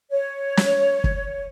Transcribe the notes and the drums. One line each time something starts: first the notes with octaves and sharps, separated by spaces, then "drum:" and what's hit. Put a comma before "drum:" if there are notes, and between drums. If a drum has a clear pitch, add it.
C#5
drum: snare
drum: kick